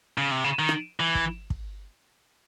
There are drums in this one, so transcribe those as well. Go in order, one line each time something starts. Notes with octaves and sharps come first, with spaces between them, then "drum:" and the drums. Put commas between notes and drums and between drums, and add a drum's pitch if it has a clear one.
C#3
C3
C#3
D#3
drum: rim click
E3
drum: kick
drum: kick